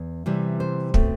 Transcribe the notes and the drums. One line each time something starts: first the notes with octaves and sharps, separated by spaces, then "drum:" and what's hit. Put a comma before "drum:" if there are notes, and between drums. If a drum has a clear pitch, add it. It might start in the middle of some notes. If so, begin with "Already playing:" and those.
Already playing: E2
C3 E3 G3 C4
C5
B2 A3 C4, drum: kick